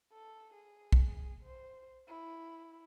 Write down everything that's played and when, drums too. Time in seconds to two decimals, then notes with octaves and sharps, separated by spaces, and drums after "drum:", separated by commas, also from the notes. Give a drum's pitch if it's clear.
0.12 A4
0.54 G#4
0.92 drum: kick B1
1.43 C5
2.08 E4